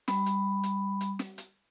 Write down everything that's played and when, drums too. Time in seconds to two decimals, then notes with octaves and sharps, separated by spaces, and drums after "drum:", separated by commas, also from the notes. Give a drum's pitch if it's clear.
0.08 G3 B5, drum: snare
0.26 drum: hi-hat
0.63 drum: hi-hat
1.01 drum: hi-hat
1.19 drum: snare
1.38 drum: hi-hat